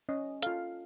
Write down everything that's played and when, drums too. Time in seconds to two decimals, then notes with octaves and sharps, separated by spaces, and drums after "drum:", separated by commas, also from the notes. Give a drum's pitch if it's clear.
0.09 C#4 D#5
0.43 F4 A4 F5, drum: hi-hat